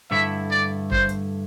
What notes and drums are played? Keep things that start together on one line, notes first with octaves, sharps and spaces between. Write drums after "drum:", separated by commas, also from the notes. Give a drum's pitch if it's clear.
G2 D3 A3 E4 E5
D5
C5, drum: kick G1
drum: hi-hat